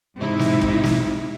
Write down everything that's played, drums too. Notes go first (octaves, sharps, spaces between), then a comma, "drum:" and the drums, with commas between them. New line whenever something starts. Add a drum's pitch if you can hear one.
G#2 C3 G#3 D#4 E4
drum: snare
drum: kick
drum: snare